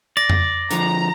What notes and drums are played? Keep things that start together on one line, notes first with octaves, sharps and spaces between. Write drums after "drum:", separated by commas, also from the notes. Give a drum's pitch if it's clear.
D5 A#6
drum: tom F2
D3 F3 A#5, drum: hi-hat